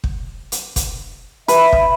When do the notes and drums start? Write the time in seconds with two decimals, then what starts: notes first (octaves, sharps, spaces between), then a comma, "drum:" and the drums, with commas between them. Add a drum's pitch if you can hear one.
0.04 drum: kick
0.52 drum: hi-hat
0.76 drum: kick, hi-hat
1.48 B4 E5, drum: hi-hat
1.72 drum: kick